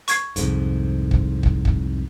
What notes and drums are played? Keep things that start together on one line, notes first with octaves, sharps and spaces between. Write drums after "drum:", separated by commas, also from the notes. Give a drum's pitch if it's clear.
C#6 G#6 C7, drum: hi-hat
C2 F2 G#2, drum: hi-hat
drum: kick
drum: kick
drum: kick